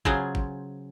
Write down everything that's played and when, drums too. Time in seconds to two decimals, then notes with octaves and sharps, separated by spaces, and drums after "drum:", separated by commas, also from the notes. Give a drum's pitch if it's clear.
0.05 C#3 F#3 F4 G#4 C5, drum: kick
0.35 drum: kick